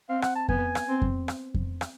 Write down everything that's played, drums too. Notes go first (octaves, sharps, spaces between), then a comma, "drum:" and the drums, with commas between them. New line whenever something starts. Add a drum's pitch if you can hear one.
C4 F5
F#5, drum: rim click
A5
B3 G#5, drum: kick F2
drum: rim click
C4
drum: kick F2
drum: rim click
drum: kick F2
drum: rim click